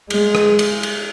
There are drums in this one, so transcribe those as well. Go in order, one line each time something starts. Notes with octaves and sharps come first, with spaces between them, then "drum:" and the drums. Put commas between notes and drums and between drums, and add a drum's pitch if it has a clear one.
G#3, drum: cymbal
drum: rim click
drum: cymbal
drum: cymbal